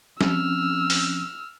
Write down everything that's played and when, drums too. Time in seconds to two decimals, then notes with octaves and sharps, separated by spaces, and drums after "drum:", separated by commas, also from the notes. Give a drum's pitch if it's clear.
0.21 F3 C4 C#4 E6 F6, drum: snare
0.90 drum: open hi-hat